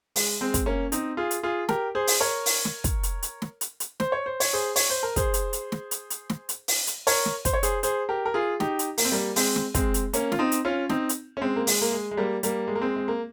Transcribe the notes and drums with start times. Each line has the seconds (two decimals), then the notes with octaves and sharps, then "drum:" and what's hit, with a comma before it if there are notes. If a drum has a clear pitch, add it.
0.16 G#3, drum: open hi-hat
0.41 G#3 C4
0.54 drum: kick, hi-hat
0.66 A#3 C#4
0.92 C4 D#4, drum: hi-hat
1.17 F4 G#4
1.31 drum: hi-hat
1.43 F4 G#4
1.69 G4 A#4, drum: snare
1.95 G#4 C5
2.07 drum: open hi-hat
2.20 A#4 C#5
2.46 drum: open hi-hat
2.65 drum: snare
2.84 drum: kick, hi-hat
3.03 drum: hi-hat
3.23 drum: hi-hat
3.42 drum: snare
3.61 drum: hi-hat
3.80 drum: hi-hat
4.00 C5, drum: snare
4.12 C#5
4.26 C5
4.40 C#5, drum: open hi-hat
4.53 G#4 C5
4.76 C#5, drum: open hi-hat
4.90 C5
5.03 A#4
5.16 G#4 C5, drum: kick, hi-hat
5.34 drum: hi-hat
5.53 drum: hi-hat
5.72 drum: snare
5.91 drum: hi-hat
6.10 drum: hi-hat
6.30 drum: snare
6.49 drum: hi-hat
6.68 drum: open hi-hat
6.87 drum: hi-hat
7.07 A#4 C#5, drum: open hi-hat
7.25 drum: snare
7.45 C5, drum: kick, hi-hat
7.54 C#5
7.63 G#4 C5, drum: hi-hat
7.83 G#4 C5, drum: hi-hat
8.09 G4 A#4
8.25 A#4
8.34 F4 G#4
8.60 D#4 G4, drum: snare
8.79 drum: hi-hat
8.98 A#3, drum: open hi-hat
9.05 C4
9.12 G3 A#3
9.36 G#3 C4, drum: open hi-hat
9.56 drum: snare
9.75 G#3 C4, drum: kick, hi-hat
9.94 drum: hi-hat
10.13 A#3 C#4, drum: hi-hat
10.32 F4, drum: snare
10.39 C4 D#4
10.52 drum: hi-hat
10.65 C#4 F4
10.89 C4 D#4, drum: snare
11.09 drum: hi-hat
11.37 C#4
11.41 G#3 C4
11.56 A#3
11.67 G#3, drum: open hi-hat
11.82 A#3
11.92 G#3
12.11 G#3
12.17 G3 A#3
12.43 G3 A#3, drum: hi-hat
12.67 G#3
12.75 A#3
12.81 G#3 C4
12.96 G#3
13.08 A#3